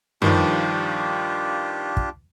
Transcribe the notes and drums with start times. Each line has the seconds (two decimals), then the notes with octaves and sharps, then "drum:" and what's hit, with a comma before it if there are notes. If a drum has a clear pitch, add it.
0.22 G2 D#3 F3 D4 F4 G4, drum: tom F#2
1.97 drum: kick